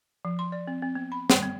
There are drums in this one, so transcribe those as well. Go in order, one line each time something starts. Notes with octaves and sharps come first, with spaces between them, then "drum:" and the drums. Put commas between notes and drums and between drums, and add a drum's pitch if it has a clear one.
F3
C6
D5
C4
C4
B3
B5
G3, drum: snare
B3